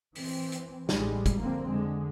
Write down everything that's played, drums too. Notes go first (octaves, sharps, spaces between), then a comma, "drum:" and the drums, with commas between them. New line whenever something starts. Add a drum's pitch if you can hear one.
E3 C4, drum: open hi-hat
drum: hi-hat
A1 G3 G#3, drum: snare
drum: kick, hi-hat
F2 D3 A#3 C4
D3 G#3